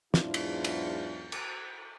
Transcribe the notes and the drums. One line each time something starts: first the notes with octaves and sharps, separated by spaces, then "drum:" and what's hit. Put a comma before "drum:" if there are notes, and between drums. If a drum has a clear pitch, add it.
E2 G#2 F#3 D4 E4 F4, drum: snare
drum: cymbal
drum: cymbal
drum: cymbal